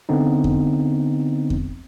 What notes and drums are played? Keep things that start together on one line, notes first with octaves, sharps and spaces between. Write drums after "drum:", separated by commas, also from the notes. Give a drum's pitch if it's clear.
D3 B3 C4 D#4
drum: kick E2
drum: kick E2